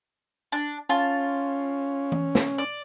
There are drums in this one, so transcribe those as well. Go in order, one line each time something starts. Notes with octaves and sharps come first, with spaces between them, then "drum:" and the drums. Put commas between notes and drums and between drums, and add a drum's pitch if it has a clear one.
D4
C#4 F4 A5
drum: tom
drum: snare
D5